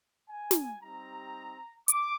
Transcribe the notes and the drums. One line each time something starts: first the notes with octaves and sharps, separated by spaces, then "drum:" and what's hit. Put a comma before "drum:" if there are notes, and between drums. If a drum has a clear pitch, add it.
G#5
drum: snare
G3 C4 D#4 G4 A#5
D6, drum: hi-hat